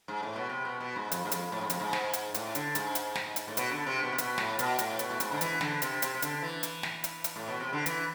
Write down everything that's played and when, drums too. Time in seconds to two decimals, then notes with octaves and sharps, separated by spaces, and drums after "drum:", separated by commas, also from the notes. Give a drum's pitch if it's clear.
0.08 G#2
0.23 A2
0.36 B2
0.49 C3
0.65 B2
0.80 B2
0.96 G#2
1.12 F2, drum: hi-hat
1.25 G#2
1.32 F2, drum: hi-hat
1.52 A2
1.61 G#2
1.70 F2, drum: hi-hat
1.80 G#2
1.93 drum: snare
2.13 drum: hi-hat
2.34 A2, drum: hi-hat
2.55 D3, drum: hi-hat
2.75 G#2, drum: hi-hat
2.95 drum: hi-hat
3.16 drum: snare
3.36 drum: hi-hat
3.48 A2
3.57 B2, drum: hi-hat
3.72 D3
3.86 C3
4.03 B2
4.12 C3
4.18 B2, drum: hi-hat
4.38 A2, drum: snare
4.59 B2, drum: hi-hat
4.79 A2, drum: hi-hat
4.99 B2, drum: hi-hat
5.10 A2
5.20 G#2, drum: hi-hat
5.32 D3
5.41 E3, drum: hi-hat
5.61 D3, drum: snare
5.82 C3, drum: hi-hat
6.02 C3, drum: hi-hat
6.15 C3
6.22 D3, drum: hi-hat
6.43 E3
6.63 drum: hi-hat
6.83 drum: snare
7.04 drum: hi-hat
7.24 drum: hi-hat
7.36 A2
7.48 B2
7.60 C3
7.73 D3
7.86 E3, drum: hi-hat